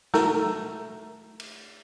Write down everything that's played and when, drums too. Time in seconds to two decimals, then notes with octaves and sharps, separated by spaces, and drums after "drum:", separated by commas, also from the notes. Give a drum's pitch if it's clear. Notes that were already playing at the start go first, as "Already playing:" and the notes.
0.14 A3 F#4 A#4, drum: snare
1.40 drum: cymbal